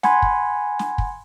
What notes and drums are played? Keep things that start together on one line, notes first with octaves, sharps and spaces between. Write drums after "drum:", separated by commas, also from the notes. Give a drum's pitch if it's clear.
F#5 G#5 B5 C6 G#6, drum: snare
drum: kick
drum: snare
drum: kick